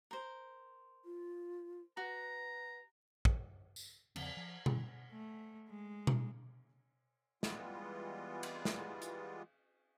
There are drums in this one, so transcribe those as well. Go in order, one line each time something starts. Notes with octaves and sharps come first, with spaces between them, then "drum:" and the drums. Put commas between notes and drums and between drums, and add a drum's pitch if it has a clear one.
A#4 C5
F4
F#4 B4 A#5
drum: kick
drum: tambourine
E2 C#3 F3 C4, drum: cymbal
F3
G2 D3 D#3 A3, drum: tom B2
A3
G#3
drum: tom B2
E3 G3 G#3 B3 F4, drum: snare
drum: cymbal
drum: snare
drum: hi-hat